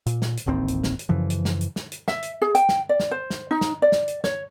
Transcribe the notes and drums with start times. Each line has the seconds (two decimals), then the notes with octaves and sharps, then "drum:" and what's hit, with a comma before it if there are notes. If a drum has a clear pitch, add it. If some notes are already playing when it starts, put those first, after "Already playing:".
0.06 A#2, drum: hi-hat
0.22 drum: snare
0.37 drum: hi-hat
0.46 D1 A1 D#2 C4
0.68 drum: hi-hat
0.84 drum: snare
0.99 drum: hi-hat
1.09 F#2 C#3 E3 F3
1.30 drum: hi-hat
1.45 drum: snare
1.61 drum: hi-hat
1.76 drum: snare
1.92 drum: hi-hat
2.08 E5, drum: snare
2.22 drum: hi-hat
2.42 G#4
2.55 G5, drum: hi-hat
2.69 drum: snare
2.89 D5
3.00 drum: snare
3.11 C5
3.30 drum: snare
3.51 D#4
3.61 drum: snare
3.82 D5
3.92 drum: snare
4.08 drum: hi-hat
4.24 C#5, drum: snare